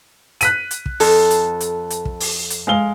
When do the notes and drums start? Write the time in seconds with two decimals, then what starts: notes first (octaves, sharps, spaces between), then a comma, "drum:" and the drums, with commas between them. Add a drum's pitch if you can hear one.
0.41 F#6 B6 D#7, drum: hi-hat
0.71 drum: hi-hat
0.86 drum: kick
1.00 F2 A4, drum: open hi-hat
1.31 drum: hi-hat
1.60 drum: hi-hat
1.90 drum: hi-hat
2.05 drum: kick
2.20 drum: open hi-hat
2.50 drum: hi-hat
2.67 G#3 F5 G7